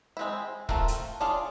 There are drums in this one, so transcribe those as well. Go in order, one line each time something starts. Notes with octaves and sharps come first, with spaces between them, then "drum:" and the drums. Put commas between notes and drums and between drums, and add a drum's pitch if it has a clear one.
G#3 C4 E4
A3 C4 F4 A#4, drum: kick
drum: hi-hat
D4 F4 G#4 C#5